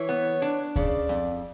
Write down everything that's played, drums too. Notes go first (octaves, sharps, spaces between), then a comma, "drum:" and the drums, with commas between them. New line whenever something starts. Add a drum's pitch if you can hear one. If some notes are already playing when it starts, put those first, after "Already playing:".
Already playing: E3 C#5
B3
D4
C#3 D5, drum: kick D2
F2